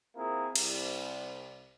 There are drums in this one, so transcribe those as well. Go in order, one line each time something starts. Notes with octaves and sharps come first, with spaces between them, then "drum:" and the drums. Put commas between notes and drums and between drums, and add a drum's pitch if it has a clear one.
A#3 C4 E4 F4 G#4 A#4
C2, drum: cymbal